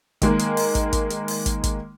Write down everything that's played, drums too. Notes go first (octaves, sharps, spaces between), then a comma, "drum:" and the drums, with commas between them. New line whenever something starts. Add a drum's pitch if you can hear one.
D#3 G#3 A#3, drum: kick, hi-hat
drum: hi-hat
drum: open hi-hat
drum: kick, hi-hat
drum: kick, hi-hat
drum: hi-hat
drum: open hi-hat
drum: kick, hi-hat
drum: kick, hi-hat